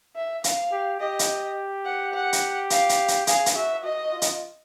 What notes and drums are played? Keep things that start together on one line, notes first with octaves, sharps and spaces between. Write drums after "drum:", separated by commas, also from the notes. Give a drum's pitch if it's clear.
E5
F5, drum: hi-hat
G4
G4 D#5
drum: hi-hat
F#5
F#5
drum: hi-hat
F5, drum: hi-hat
drum: hi-hat
drum: hi-hat
G#4 F5, drum: hi-hat
drum: hi-hat
F#4 E5
F#4 D#5
F4
drum: hi-hat